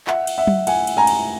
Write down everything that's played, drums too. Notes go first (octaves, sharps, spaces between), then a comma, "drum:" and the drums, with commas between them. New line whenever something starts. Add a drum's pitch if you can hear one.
E5 F#5, drum: clap
drum: cymbal
E5 F#5
drum: tom F#3
F#5 G#5, drum: cymbal
drum: cymbal
G#5 A#5
drum: cymbal